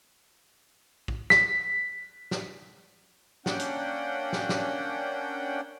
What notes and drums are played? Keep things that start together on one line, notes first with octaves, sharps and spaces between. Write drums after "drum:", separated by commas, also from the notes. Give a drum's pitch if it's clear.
drum: kick A#1
B6, drum: snare
drum: snare
A#3 C#4 D4 F#5 G5, drum: snare
drum: hi-hat
drum: snare
drum: snare